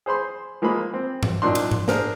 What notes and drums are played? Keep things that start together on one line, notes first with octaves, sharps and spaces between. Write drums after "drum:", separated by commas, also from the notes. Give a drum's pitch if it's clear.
G#4 C5 B5 C6
F3 G#3 A#3 D#5 B5
C4
drum: tom G#2
F#2 A#2 D4 D#4 C6
drum: cymbal
drum: tom G#2
D4 G#4 A#4 C5, drum: snare